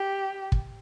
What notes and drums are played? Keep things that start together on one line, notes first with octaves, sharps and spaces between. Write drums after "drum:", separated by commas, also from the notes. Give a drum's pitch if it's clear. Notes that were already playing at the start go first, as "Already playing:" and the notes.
Already playing: G4
drum: kick